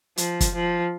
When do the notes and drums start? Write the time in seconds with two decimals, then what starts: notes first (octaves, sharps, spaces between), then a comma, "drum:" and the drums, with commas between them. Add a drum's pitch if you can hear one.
0.17 F3, drum: hi-hat
0.41 drum: kick, hi-hat
0.55 F3